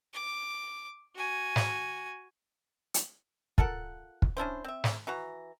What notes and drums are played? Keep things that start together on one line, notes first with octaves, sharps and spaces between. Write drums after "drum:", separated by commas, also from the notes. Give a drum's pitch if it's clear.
D6
F#4 G#5
drum: snare
drum: hi-hat
F4 A4 A#4 F#5, drum: kick
drum: kick
C#4 D4 E4 C5
C4 E5
drum: snare
E3 F#4 A#5